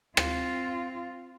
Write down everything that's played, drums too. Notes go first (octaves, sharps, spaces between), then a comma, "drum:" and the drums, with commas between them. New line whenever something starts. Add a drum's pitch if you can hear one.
C4 F4, drum: rim click